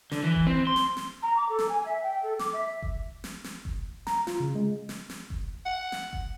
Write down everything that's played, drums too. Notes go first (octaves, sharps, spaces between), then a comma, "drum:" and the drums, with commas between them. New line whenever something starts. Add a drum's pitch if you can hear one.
D3, drum: snare
E3
drum: kick F#1
C4
C6
drum: snare
drum: snare
A#5
D6
A4
drum: snare
G#5
E5
G5
A4
D6, drum: snare
E5
drum: kick F#1
drum: snare
drum: snare
drum: kick F#1
A#5, drum: snare
F4, drum: snare
C#3
G#3
drum: snare
drum: snare
drum: kick F#1
F#5
drum: snare
drum: kick F#1